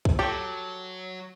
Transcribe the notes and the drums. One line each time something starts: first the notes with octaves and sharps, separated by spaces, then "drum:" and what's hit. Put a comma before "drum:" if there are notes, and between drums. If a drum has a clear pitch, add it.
drum: kick
F#3 G4 A4